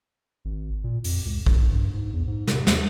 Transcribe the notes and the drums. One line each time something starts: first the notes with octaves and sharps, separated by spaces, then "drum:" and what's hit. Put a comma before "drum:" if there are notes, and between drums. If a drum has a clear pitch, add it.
G#1
A#2
F2, drum: open hi-hat
C#2
F#1, drum: kick B1
G2
G#2
E2
G#2
C3, drum: snare
D#2, drum: snare